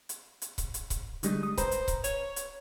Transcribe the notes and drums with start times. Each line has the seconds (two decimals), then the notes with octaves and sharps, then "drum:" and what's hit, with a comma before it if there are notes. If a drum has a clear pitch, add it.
0.09 drum: hi-hat
0.42 drum: hi-hat
0.58 drum: kick C#1, hi-hat
0.74 drum: hi-hat
0.90 drum: kick C#1, hi-hat
1.23 D3 G3 G#3 D#4, drum: hi-hat
1.43 D#6
1.58 B4 C5 A#5, drum: kick C#1, hi-hat
1.71 drum: hi-hat
1.88 drum: kick C#1, hi-hat
2.04 C#5, drum: hi-hat
2.36 drum: hi-hat